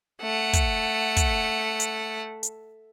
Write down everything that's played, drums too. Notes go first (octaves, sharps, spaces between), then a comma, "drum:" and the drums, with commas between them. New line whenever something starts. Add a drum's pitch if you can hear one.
A3 F#5
drum: kick, hi-hat
drum: kick, hi-hat
drum: hi-hat
drum: hi-hat